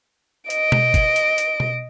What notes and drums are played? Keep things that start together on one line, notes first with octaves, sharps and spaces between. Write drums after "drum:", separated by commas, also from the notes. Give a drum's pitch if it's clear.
D#5 D7, drum: hi-hat
drum: tom B2
drum: kick G1, hi-hat
drum: hi-hat
drum: hi-hat
drum: tom B2